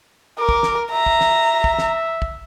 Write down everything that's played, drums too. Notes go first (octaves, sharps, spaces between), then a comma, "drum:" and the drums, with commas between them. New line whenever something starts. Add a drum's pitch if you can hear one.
A#4 D6
drum: kick
drum: snare
E5 A#5
drum: kick
drum: snare
drum: kick
drum: snare
drum: kick